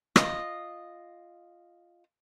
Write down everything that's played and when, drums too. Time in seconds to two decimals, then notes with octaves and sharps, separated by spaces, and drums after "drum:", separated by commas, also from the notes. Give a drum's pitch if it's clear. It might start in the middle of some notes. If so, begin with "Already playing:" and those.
0.16 F4 D#5, drum: rim click